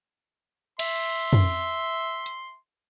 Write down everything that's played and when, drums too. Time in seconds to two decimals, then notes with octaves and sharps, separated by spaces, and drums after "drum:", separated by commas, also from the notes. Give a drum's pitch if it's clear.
0.79 E5 C6, drum: cymbal
1.33 drum: tom
2.26 drum: hi-hat